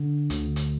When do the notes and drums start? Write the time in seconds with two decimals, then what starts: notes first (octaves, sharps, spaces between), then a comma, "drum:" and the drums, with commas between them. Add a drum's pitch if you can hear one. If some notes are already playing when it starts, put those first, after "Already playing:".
Already playing: D3
0.30 D2, drum: hi-hat
0.56 drum: hi-hat